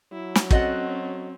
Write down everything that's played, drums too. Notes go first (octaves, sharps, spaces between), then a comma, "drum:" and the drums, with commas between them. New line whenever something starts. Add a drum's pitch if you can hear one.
F#3 E4
drum: snare
C4 C#4 F#4 A4 D#5 F#5, drum: kick